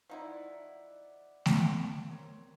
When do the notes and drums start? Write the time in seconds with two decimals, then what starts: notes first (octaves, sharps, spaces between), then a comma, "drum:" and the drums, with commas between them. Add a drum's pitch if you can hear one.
0.09 F3 D#4 E4 D5 F#5
1.46 drum: snare A3
2.10 C4 A#4 C#5